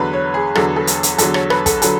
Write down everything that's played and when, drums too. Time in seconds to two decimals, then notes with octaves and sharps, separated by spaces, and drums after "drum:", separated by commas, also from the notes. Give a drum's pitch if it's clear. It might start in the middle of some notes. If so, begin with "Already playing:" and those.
Already playing: E2 D3 F#3 B4
0.13 C#5
0.34 G#4
0.55 E2 D3 F#3 A4, drum: rim click
0.76 A4
0.87 drum: hi-hat
1.03 drum: hi-hat
1.18 E2 D3 F#3 A4, drum: hi-hat
1.34 C#5, drum: rim click
1.50 B4, drum: rim click
1.66 A4, drum: kick, hi-hat
1.82 D3 F#3 A4, drum: hi-hat